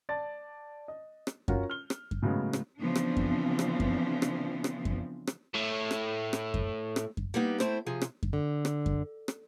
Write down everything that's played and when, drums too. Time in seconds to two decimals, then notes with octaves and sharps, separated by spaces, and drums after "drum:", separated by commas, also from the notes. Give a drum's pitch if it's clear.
0.09 D5 A5 A6
0.88 D#5
1.27 drum: rim click
1.48 C#4 F4 F#4 A#4, drum: kick F#2
1.70 F6 G7
1.90 drum: rim click
2.11 drum: kick F#2
2.22 A2 C#3 F#3 G#3 B3
2.53 drum: rim click
2.79 C#3 E3 F3 B3 C4 D4
2.96 drum: rim click
3.17 drum: kick F#2
3.59 drum: rim click
3.80 drum: kick F#2
4.22 drum: rim click
4.64 drum: rim click
4.85 drum: kick F#2
5.27 drum: rim click
5.54 A2 A3
5.91 drum: rim click
6.33 drum: rim click
6.54 drum: kick F#2
6.96 drum: rim click
7.17 drum: kick F#2
7.34 G3 A#3 B3 D#4
7.60 A3 C4 E4 C5, drum: rim click
7.86 C3 F3 G#4
8.02 drum: rim click
8.23 drum: kick F#2
8.33 D3
8.65 drum: rim click
8.86 drum: kick F#2
9.28 drum: rim click